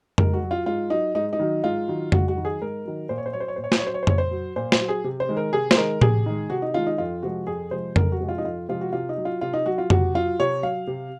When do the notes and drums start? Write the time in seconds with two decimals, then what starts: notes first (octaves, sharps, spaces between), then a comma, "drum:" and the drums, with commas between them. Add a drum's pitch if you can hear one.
0.18 G#2 A#4, drum: tom F2
0.34 F#4
0.43 F#3
0.51 F4
0.66 G#2 F4
0.90 F#3 D#4
1.15 G#2 D#4
1.33 D#4
1.39 D#3 F#3
1.63 G#2 F4
1.88 D#3 F#3
2.12 G#2 F#4, drum: tom F2
2.28 F#4
2.37 D#3 F#3
2.45 G#4
2.61 G#2 A#4
2.85 D#3 F#3
3.09 A#2 C5
3.18 C#5
3.26 C5
3.33 F#3 C#5
3.40 C5
3.48 C#5
3.56 A#2 C5
3.64 C#5
3.72 C5, drum: snare
3.79 C#5
3.82 F#3 C5
3.94 C#5
4.03 C5
4.07 A#2 C#5, drum: tom F2
4.18 C5
4.31 F#3
4.56 A#2 C5
4.72 C5, drum: snare
4.80 F#3
4.88 G#4
5.04 C3
5.20 C5
5.29 D#3 G#3
5.37 A#4
5.53 C3 G#4
5.71 C5, drum: snare
5.77 D#3 G#3 A#4
6.01 C3 G#4, drum: tom A2
6.26 D#3 G#3
6.50 C3 F#4
6.62 D#4
6.74 D#3 G#3 F4
6.87 D#4
6.98 F2 F4
7.23 C3 F3 G#3 F#4
7.47 F2 G#4
7.71 C3 F3 G#3 C5
7.96 F2 A#4, drum: tom F2
8.12 F#4
8.20 C3 F3 G#3
8.29 F4
8.38 D#4
8.44 F2 F4
8.69 C3 F3 G#3 F4
8.81 F#4
8.93 C3 F4
9.09 D#4
9.18 F#3
9.25 F4
9.41 C3 F4
9.53 D#4
9.66 F#3 F#4
9.78 F4
9.90 C3 F#4, drum: tom F2
10.14 F#3 F4
10.39 C3 C#5
10.63 F#3 F5
10.87 C3